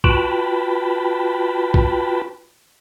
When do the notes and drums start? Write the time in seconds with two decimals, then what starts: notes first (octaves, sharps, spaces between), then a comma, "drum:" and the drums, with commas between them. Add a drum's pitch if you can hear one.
0.04 F4 F#4 B4 G5 A5 B5, drum: kick A#1
1.74 drum: kick A#1